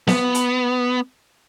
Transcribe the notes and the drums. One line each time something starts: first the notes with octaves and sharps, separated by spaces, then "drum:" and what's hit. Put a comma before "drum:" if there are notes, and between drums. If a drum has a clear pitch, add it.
B3, drum: snare
drum: hi-hat